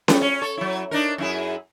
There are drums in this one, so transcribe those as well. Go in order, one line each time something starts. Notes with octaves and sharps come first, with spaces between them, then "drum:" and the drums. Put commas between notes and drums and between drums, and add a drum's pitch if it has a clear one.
F#3 G3 A3, drum: snare C#4
C#4
A4 C#5
F#3 E4
D4 D#4 A#4
F#2 E4 G#4